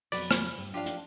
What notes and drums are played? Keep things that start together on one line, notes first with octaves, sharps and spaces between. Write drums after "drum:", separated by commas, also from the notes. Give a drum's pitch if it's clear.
F2 F#3 B3 B4 D5, drum: open hi-hat
drum: rim click
G2
F3 D4 F4 G4 F5
drum: hi-hat